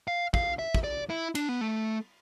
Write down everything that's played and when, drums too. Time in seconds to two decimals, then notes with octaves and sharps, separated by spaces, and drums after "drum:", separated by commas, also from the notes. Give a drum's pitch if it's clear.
0.08 F5
0.34 F5, drum: kick
0.59 E5
0.75 drum: kick
0.84 D5
1.10 E4
1.35 D4, drum: cymbal
1.49 B3
1.61 A3